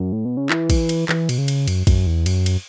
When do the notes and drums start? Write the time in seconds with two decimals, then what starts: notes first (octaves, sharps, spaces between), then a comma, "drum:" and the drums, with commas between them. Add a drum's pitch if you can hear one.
0.00 F#2
0.13 A2
0.25 B2
0.37 C#3
0.50 E3, drum: clap
0.70 drum: kick, cymbal
0.89 drum: cymbal
1.09 E3, drum: clap
1.29 B2, drum: cymbal
1.38 C#3
1.48 drum: cymbal
1.68 F#2, drum: cymbal
1.87 F#2, drum: kick, cymbal
2.07 E2
2.26 F#2, drum: cymbal
2.46 drum: cymbal